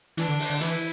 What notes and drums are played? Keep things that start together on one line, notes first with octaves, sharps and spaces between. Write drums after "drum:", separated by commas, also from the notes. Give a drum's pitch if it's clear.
E3 D4, drum: hi-hat
D3
drum: open hi-hat
D3
E3 E4, drum: hi-hat